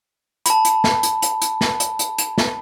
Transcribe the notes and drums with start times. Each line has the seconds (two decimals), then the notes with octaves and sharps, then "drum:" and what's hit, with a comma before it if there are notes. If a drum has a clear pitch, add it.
0.46 A5 B5, drum: hi-hat
0.65 drum: hi-hat
0.84 drum: snare
1.03 drum: hi-hat
1.22 drum: hi-hat
1.42 drum: hi-hat
1.61 drum: snare
1.80 drum: hi-hat
1.99 drum: hi-hat
2.18 drum: hi-hat
2.38 drum: snare